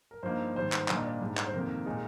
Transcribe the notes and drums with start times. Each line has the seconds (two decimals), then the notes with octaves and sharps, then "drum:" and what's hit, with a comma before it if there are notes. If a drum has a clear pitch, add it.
0.11 A#4
0.23 G2 F3 A#3 D#4 C5
0.55 G#2 D#3 G3 C5
0.72 drum: clap
0.88 A#2 G3 A#3 D4, drum: clap
0.97 D#5
1.05 D5
1.21 G#2 G3 D4
1.37 drum: clap
1.46 C5
1.53 F2 C3 D#3 A#3 A#4
1.86 A#2 G#3 D#4